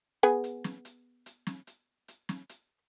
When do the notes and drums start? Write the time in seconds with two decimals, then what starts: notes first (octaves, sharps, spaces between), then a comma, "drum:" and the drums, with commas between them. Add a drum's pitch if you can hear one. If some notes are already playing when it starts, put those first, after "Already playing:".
0.23 B3 G#4 G#5
0.44 drum: hi-hat
0.64 drum: snare
0.85 drum: hi-hat
1.26 drum: hi-hat
1.47 drum: snare
1.67 drum: hi-hat
2.08 drum: hi-hat
2.29 drum: snare
2.49 drum: hi-hat